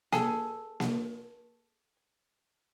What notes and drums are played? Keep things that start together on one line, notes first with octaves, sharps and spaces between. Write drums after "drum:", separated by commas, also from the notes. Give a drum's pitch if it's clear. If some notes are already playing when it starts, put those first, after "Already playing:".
G#4 A4, drum: snare A#3
drum: snare A#3